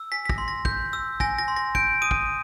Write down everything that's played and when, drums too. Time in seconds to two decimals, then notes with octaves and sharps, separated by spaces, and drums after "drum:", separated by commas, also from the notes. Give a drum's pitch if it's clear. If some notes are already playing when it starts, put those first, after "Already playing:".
Already playing: E6
0.12 G#5 B6
0.25 B6
0.29 A#6, drum: kick
0.38 C6
0.48 A#6
0.65 G6, drum: kick
0.93 E6
1.20 G#5 A#6, drum: kick
1.39 A#6
1.48 C6
1.56 A#6
1.75 G6 D7, drum: kick
2.02 D#6 D#7
2.11 drum: kick